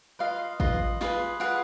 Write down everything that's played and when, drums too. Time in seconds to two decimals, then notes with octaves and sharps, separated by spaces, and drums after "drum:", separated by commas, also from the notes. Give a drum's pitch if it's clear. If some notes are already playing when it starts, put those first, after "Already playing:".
0.19 F4 B4 D#5 F5
0.60 F4 B4 D#5, drum: kick A1
1.01 F4 G#4 B4, drum: snare
1.40 F4 G#4 B4 F#5